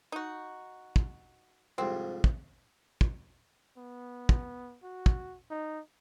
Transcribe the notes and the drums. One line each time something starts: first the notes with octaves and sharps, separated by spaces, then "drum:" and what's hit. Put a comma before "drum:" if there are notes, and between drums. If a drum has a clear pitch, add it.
D#4 F#4
drum: kick
C2 F2 G#2 C4
drum: kick
drum: kick
B3
drum: kick
F#4
drum: kick
D#4